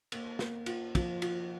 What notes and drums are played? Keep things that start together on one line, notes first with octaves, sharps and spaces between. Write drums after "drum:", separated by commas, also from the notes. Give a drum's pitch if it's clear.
A#3, drum: cymbal
A#3, drum: snare
F4, drum: cymbal
F3, drum: kick, cymbal
F4, drum: cymbal